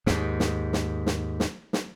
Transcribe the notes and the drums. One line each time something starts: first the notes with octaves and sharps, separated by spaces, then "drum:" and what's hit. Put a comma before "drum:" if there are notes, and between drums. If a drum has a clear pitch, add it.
D#2 G#2, drum: snare
drum: snare
drum: snare
drum: snare
drum: snare
drum: snare